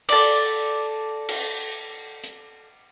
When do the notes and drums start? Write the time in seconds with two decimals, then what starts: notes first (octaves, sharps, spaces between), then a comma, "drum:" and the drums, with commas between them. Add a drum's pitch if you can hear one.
0.09 A4 D5, drum: cymbal
1.29 drum: cymbal
2.24 drum: hi-hat